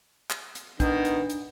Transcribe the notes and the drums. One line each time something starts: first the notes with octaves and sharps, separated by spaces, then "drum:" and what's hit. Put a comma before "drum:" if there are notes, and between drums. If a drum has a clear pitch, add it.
drum: clap
drum: hi-hat
D#3 B3 D4, drum: kick, hi-hat
drum: hi-hat
drum: hi-hat